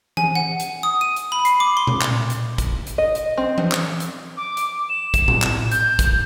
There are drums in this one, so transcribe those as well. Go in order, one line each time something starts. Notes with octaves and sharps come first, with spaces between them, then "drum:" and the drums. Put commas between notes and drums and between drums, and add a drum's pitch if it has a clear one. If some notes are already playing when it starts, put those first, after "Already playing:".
G#5, drum: tom E3
F#5
drum: hi-hat
D#6
D#7
drum: hi-hat
B5
C7, drum: hi-hat
D6
C6
drum: tom A#2
drum: clap
drum: hi-hat
drum: kick, hi-hat
drum: hi-hat
D#5
drum: hi-hat
C4
drum: tom E3
drum: clap
drum: hi-hat
D6
drum: hi-hat
E7
drum: kick, hi-hat
drum: tom A2
drum: clap
G6, drum: hi-hat
drum: kick, hi-hat